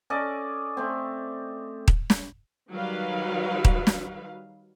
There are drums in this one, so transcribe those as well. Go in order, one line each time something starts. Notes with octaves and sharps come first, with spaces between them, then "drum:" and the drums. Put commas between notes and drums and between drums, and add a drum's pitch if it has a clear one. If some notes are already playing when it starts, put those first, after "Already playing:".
C#4 A4 D5 D#5
A3 C4
drum: kick D#1
drum: snare
D#3 F#3 G3 F#4 B4 F5
drum: kick D#1
drum: snare